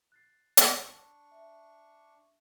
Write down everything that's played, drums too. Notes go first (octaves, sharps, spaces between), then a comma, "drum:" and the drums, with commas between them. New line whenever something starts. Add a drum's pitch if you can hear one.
F#6 A6 C7
drum: hi-hat
D4 C#6
E5